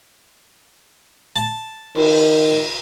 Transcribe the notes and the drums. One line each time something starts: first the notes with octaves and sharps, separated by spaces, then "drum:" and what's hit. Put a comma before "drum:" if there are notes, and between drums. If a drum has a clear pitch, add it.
A5
D#3, drum: cymbal